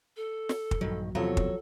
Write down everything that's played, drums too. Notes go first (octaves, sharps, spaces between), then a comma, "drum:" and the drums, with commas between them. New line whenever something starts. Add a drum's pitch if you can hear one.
A4
drum: snare
drum: kick
A#1 G2 D#3 F#3
E2 C3 F3 F#3 A4 C#5
drum: kick